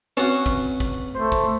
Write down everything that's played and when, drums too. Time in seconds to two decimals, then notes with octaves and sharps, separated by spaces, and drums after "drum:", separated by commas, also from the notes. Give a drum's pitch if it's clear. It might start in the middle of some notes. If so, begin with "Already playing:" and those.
0.17 C4 C#4 F#4 B4
0.46 drum: kick
0.80 drum: kick
1.15 A3 C5
1.32 drum: kick